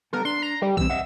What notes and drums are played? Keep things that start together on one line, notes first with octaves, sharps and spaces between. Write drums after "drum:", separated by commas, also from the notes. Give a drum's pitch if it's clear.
G3 B3 A4 A#4
D4 C6
A#5
G3 G5
E3 G3 C4 E6, drum: kick A#1
D#5 E5 F#5